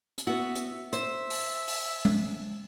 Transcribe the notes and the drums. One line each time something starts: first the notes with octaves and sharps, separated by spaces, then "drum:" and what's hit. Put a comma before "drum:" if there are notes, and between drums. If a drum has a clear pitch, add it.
drum: hi-hat
B3 F#4 E5
drum: hi-hat
C5 E5, drum: hi-hat
drum: open hi-hat
drum: open hi-hat
drum: tom